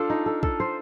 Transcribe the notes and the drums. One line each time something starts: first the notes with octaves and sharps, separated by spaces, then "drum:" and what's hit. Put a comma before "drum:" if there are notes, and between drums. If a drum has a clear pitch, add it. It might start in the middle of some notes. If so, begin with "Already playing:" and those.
Already playing: D4 F4 A4 C5
D#4
A4
A4, drum: kick
C5